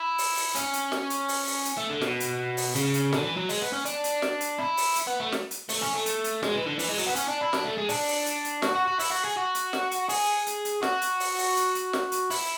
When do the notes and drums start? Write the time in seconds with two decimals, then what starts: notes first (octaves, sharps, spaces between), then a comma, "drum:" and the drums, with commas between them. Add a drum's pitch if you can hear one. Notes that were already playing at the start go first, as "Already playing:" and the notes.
Already playing: E4
0.18 drum: open hi-hat
0.37 drum: open hi-hat
0.55 C#4, drum: hi-hat
0.73 drum: hi-hat
0.92 drum: snare
1.10 drum: hi-hat
1.28 drum: open hi-hat
1.47 drum: open hi-hat
1.65 drum: hi-hat
1.77 A3
1.90 D3
2.01 B2, drum: snare
2.20 drum: hi-hat
2.57 drum: open hi-hat
2.75 C#3, drum: hi-hat
2.94 drum: hi-hat
3.13 D3, drum: snare
3.24 E3
3.37 F#3
3.49 G#3, drum: open hi-hat
3.62 B3
3.73 C#4
3.85 D4, drum: hi-hat
4.04 drum: hi-hat
4.22 drum: snare
4.41 drum: hi-hat
4.58 E4
4.77 drum: open hi-hat
4.96 drum: hi-hat
5.07 B3
5.20 A3
5.32 drum: snare
5.51 drum: hi-hat
5.69 A3, drum: open hi-hat
5.81 C#4
5.94 A3
6.06 drum: hi-hat
6.24 drum: hi-hat
6.43 G#3, drum: snare
6.55 E3
6.67 D3
6.79 E3, drum: open hi-hat
6.88 G#3
6.98 F#3, drum: open hi-hat
7.06 B3
7.16 C#4, drum: hi-hat
7.28 D4
7.41 E4
7.53 D4, drum: snare
7.64 A3
7.78 G#3
7.89 D4, drum: open hi-hat
8.08 drum: open hi-hat
8.26 drum: hi-hat
8.44 drum: hi-hat
8.62 F#4, drum: snare
8.76 F#4
8.88 F#4
8.99 E4, drum: open hi-hat
9.11 F#4
9.25 G#4
9.37 F#4
9.55 drum: hi-hat
9.73 drum: snare
9.91 drum: hi-hat
10.09 G#4, drum: open hi-hat
10.46 drum: hi-hat
10.65 drum: hi-hat
10.83 F#4, drum: snare
11.02 drum: hi-hat
11.20 drum: open hi-hat
11.38 drum: open hi-hat
11.57 drum: hi-hat
11.75 drum: hi-hat
11.93 drum: snare
12.12 drum: hi-hat
12.30 E4, drum: open hi-hat